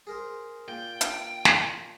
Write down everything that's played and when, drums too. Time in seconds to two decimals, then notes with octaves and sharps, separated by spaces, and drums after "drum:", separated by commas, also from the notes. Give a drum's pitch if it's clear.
0.07 G#4 A#4 C5
0.68 A#2 G5
1.01 drum: hi-hat
1.45 drum: snare